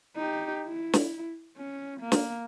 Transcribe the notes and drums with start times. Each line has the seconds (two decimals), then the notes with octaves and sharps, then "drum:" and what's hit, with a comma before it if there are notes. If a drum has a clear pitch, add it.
0.16 D#4 G4
0.66 E4
0.93 drum: snare
1.56 C#4
2.01 A#3
2.12 drum: snare